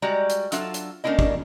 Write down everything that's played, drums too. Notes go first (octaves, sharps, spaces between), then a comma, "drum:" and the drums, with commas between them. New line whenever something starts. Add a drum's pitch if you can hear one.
G3 G#3 F#4 D5 A#5
drum: hi-hat
F#3 D4 F4 A4 E5, drum: hi-hat
drum: hi-hat
A3 A#3 C#4 D4 E4 D#5
drum: kick